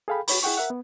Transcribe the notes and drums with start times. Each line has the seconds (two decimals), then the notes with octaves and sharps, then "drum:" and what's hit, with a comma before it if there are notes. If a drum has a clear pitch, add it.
0.08 G#4 A4 F5 G5 B5
0.28 F#4 C#5 B5, drum: open hi-hat
0.43 E4 G#4 F#5 G5 C#6
0.58 A#4 E5 F#5
0.70 B3